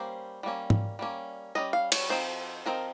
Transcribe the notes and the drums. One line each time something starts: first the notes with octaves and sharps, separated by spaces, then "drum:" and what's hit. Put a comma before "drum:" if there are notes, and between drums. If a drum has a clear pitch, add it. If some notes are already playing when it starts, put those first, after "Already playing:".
Already playing: G3 A#3 C#4 C5
G3 A#3 C#4
drum: tom G#2
G3 A#3 C#4
G3 A#3 C#4 D#5
F5
C#5, drum: cymbal
F3 C4 D#4 C5
F3 C4 D#4 A#4